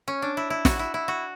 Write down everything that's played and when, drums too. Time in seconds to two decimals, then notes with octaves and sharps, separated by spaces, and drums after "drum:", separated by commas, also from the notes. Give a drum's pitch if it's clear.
0.08 C#4
0.22 D4
0.37 E4
0.50 E4
0.65 F#4, drum: snare
0.79 E4
0.94 E4
1.08 F#4